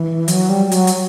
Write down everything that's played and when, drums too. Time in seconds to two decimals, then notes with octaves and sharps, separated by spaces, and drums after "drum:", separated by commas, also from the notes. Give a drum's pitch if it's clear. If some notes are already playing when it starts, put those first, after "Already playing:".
Already playing: E3
0.28 F#3, drum: hi-hat
0.49 G3
0.66 G3
0.72 F#3, drum: hi-hat
0.87 drum: hi-hat